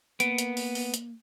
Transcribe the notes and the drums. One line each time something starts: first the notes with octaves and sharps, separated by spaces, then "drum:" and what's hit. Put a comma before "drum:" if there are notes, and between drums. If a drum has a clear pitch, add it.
A#3 B3 D7, drum: hi-hat
drum: hi-hat
drum: open hi-hat
drum: open hi-hat
drum: hi-hat